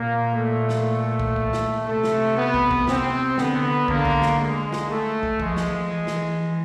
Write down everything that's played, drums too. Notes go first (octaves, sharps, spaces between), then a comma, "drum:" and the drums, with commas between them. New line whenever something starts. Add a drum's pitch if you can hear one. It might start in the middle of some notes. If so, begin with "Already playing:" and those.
Already playing: A#2 A#3
A3
drum: snare
drum: kick
drum: kick
drum: snare
C3 A3
drum: snare
B3
drum: kick
drum: kick
C3 C4, drum: snare
D3 B3, drum: snare
D3 A#3, drum: kick
drum: kick
drum: snare
G#3
drum: snare
A3
drum: kick
F3 G#3, drum: kick
drum: snare
E3
drum: snare